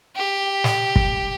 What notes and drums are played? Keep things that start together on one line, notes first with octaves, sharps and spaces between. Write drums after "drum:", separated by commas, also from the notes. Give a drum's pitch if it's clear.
G4
drum: snare
drum: kick